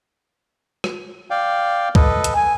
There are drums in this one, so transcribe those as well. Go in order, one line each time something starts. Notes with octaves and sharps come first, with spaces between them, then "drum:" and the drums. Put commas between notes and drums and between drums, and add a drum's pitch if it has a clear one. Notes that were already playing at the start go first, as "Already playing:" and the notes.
drum: rim click
D5 F5 G5
A4 B4 D#5, drum: kick
drum: hi-hat
G#5